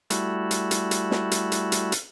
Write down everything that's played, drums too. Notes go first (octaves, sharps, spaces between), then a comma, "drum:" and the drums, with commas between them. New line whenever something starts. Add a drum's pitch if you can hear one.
G3 A3 E4 F#4, drum: hi-hat
drum: hi-hat
drum: hi-hat
drum: hi-hat
drum: snare
drum: hi-hat
drum: hi-hat
drum: hi-hat
drum: hi-hat